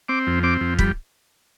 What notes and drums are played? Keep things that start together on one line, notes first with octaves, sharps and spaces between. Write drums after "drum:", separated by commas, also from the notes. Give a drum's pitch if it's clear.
C4 D6
F2
C4 D6
F2
G3 B5, drum: kick